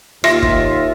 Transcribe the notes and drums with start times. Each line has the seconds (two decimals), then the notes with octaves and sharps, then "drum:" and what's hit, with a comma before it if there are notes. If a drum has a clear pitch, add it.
0.24 D#2 F4 E5 A#6, drum: rim click
0.42 drum: kick